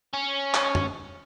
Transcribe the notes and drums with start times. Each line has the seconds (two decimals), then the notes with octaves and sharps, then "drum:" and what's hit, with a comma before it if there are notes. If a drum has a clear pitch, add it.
0.13 C#4
0.54 drum: clap
0.75 drum: tom F#2